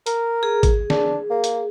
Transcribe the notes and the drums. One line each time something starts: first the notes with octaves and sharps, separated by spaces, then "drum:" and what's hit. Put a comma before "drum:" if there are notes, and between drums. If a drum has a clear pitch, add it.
A#4, drum: hi-hat
G#4
drum: kick, hi-hat
D4, drum: snare
A#3
drum: hi-hat